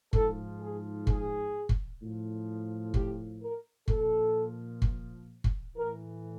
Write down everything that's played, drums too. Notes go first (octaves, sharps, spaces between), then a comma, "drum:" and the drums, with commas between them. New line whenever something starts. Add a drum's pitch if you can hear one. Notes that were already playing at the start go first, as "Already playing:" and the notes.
G#2 F3 A4, drum: kick
G#4
G#4, drum: kick
drum: kick
A2 F3
G4, drum: kick
A#4
A#2 F3 A4, drum: kick
drum: kick
drum: kick
A2 E3 A#4